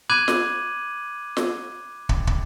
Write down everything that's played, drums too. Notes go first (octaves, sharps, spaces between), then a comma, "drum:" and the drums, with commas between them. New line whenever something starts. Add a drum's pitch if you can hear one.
B5 D6 F#6 G#6 D#7 F#7
drum: snare
drum: snare
drum: kick
drum: kick